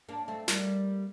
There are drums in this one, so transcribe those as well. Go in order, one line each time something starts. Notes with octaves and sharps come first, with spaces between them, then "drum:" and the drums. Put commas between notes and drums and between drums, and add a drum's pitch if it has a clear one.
A#3 D4
A3 C4
G3 A#3, drum: snare